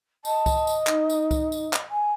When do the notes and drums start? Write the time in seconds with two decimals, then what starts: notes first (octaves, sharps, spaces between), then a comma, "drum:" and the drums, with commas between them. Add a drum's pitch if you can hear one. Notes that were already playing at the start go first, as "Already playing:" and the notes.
0.25 D#5 A5, drum: tambourine
0.46 drum: kick C2, tambourine
0.67 drum: tambourine
0.87 D#4, drum: clap
1.10 drum: tambourine
1.31 drum: kick C2, tambourine
1.52 drum: tambourine
1.73 drum: clap
1.91 G#5